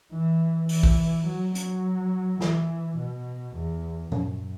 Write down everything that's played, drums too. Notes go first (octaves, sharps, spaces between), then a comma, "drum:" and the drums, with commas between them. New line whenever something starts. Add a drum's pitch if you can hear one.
E3
E3, drum: open hi-hat
drum: kick
F#3
F#3, drum: hi-hat
E3, drum: snare
B2
E2
F#2, drum: tom A#2